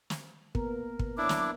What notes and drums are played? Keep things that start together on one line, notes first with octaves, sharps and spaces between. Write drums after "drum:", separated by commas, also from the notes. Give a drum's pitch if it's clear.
drum: snare
A#3 B3 A#4, drum: kick
drum: kick
F#3 D4 E4 D6
drum: snare